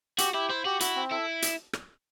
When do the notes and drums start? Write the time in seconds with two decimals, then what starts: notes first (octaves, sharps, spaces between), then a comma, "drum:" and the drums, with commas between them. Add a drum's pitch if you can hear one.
0.18 F#4 G4, drum: hi-hat
0.34 E4 G4
0.49 E4 C5
0.65 F#4 G4
0.80 E4 F#4, drum: hi-hat
0.96 C4
1.11 E4 A4
1.42 drum: hi-hat
1.73 drum: rim click